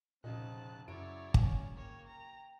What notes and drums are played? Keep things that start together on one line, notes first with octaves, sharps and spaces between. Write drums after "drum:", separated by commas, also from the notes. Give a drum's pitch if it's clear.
F1 A#2 C#3 C4 D#4 A5 F#6
F#2 C#3 F#3 E4 C#5 D5 D7
C#4, drum: kick
A#3 C#5 G5
A#5